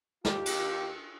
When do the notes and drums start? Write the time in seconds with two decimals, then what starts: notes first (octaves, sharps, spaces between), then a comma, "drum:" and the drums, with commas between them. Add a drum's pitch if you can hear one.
0.25 D#2 F4 G4, drum: snare
0.46 drum: cymbal